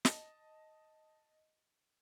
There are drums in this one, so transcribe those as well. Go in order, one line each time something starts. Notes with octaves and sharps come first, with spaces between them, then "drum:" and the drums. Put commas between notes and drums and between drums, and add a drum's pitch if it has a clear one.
D#5 A5, drum: snare